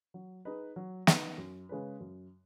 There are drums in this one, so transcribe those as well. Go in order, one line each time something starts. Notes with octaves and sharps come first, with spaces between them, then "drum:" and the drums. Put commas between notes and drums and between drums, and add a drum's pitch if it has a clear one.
F#3
D#4 G#4 B4 D#5
F#3
B3 D#4, drum: snare
F#2
C#3 G#3 C#4 B4
F#2